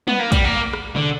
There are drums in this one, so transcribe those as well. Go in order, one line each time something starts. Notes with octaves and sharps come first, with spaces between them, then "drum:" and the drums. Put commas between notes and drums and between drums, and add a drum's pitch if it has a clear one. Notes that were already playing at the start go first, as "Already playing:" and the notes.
B3, drum: tom
A#3
G3, drum: kick, hi-hat
A#3
drum: rim click
D3, drum: tom